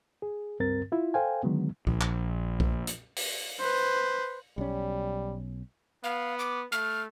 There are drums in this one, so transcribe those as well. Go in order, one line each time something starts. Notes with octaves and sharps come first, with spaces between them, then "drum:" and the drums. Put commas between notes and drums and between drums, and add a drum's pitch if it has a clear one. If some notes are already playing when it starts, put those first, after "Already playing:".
G#4
C#2 G2 C4 A#4 A6
E4 F4
A4 C5 F5 G5 G#5
D3 D#3 F#3 G#3 B3
A#1, drum: kick B1
drum: clap
drum: kick B1
drum: hi-hat
drum: open hi-hat
B4 C5
B1 G3 C#4
B3 F5
D6
A3 F6